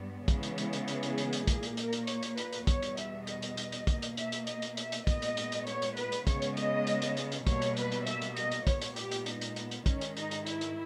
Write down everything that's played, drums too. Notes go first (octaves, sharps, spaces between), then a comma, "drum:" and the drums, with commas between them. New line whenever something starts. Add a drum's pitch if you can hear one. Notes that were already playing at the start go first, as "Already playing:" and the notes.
Already playing: G2 G3 B3
C#3 E3 G#3 B3, drum: kick, hi-hat
drum: hi-hat
drum: hi-hat
drum: hi-hat
G#4, drum: hi-hat
drum: hi-hat
drum: hi-hat
drum: hi-hat
A#2 A#3, drum: kick, hi-hat
drum: hi-hat
A#4, drum: hi-hat
drum: hi-hat
C#5, drum: hi-hat
drum: hi-hat
B4, drum: hi-hat
drum: hi-hat
E2 B2 G3 B3 C#5, drum: kick, hi-hat
drum: hi-hat
E5, drum: hi-hat
D#5, drum: hi-hat
drum: hi-hat
drum: hi-hat
drum: hi-hat
B2 A#3, drum: kick, hi-hat
drum: hi-hat
E5, drum: hi-hat
drum: hi-hat
D#5, drum: hi-hat
drum: hi-hat
E5, drum: hi-hat
drum: hi-hat
A#2 G#3 B3 D#5, drum: kick, hi-hat
drum: hi-hat
drum: hi-hat
drum: hi-hat
C#5, drum: hi-hat
drum: hi-hat
B4, drum: hi-hat
drum: hi-hat
C#3 G#3 B3 C#5, drum: kick, hi-hat
drum: hi-hat
D#5, drum: hi-hat
drum: hi-hat
drum: hi-hat
drum: hi-hat
drum: hi-hat
B2 G3 A#3 C#5, drum: kick, hi-hat
drum: hi-hat
B4, drum: hi-hat
drum: hi-hat
E5, drum: hi-hat
drum: hi-hat
D#5, drum: hi-hat
drum: hi-hat
A#2 G#3 B3 C#5, drum: kick, hi-hat
drum: hi-hat
G4, drum: hi-hat
drum: hi-hat
D#4, drum: hi-hat
drum: hi-hat
B3, drum: hi-hat
drum: hi-hat
G#2 D#3 G#3 C#4, drum: kick, hi-hat
drum: hi-hat
D#4, drum: hi-hat
drum: hi-hat
E4, drum: hi-hat
drum: hi-hat